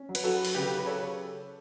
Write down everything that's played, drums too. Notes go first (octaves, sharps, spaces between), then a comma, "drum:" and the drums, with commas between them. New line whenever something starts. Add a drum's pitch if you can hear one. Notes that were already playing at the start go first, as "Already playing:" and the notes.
Already playing: C#4
F#3
B4, drum: cymbal
F#4 A4
drum: open hi-hat
C#3 G4 B4
B4
A4 C#5